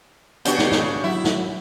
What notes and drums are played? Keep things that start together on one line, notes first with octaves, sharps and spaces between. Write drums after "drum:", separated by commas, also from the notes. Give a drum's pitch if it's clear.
C#3 B3 D4 F#4 G4 G6, drum: hi-hat
drum: snare
drum: snare
F#3 E4
drum: snare